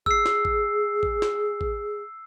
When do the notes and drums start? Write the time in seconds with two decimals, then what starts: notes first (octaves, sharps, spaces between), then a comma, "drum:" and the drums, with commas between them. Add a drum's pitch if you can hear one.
0.06 G#4 E6 C7, drum: kick
0.26 drum: snare
0.45 drum: kick
1.03 drum: kick
1.22 drum: snare
1.61 drum: kick